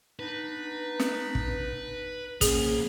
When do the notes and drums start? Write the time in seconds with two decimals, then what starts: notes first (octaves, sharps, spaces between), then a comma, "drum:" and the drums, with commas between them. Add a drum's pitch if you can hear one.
0.19 B3 D4 D#4 B4
1.00 drum: snare
1.35 drum: kick
2.41 A#3 C#4 G#4 C5, drum: kick, hi-hat